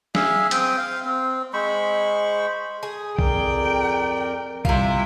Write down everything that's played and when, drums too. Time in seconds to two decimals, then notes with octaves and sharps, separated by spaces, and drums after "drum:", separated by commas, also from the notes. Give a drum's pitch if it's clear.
0.15 G#4 E5 F5, drum: snare
0.51 C4 G5 D#6, drum: hi-hat
0.78 F5
1.05 C4
1.53 G#3 C5 B5 C#6
2.83 G#4
3.19 F2 A#4 D5 G5, drum: kick B1
4.65 C3 G3 E4 F4, drum: kick B1